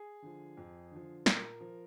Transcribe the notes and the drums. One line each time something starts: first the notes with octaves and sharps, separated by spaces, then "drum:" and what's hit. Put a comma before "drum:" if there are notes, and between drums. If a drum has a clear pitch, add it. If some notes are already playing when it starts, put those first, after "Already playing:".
Already playing: G#4
D3 F3
F2
D3 F3
A#2 A#4, drum: snare
F3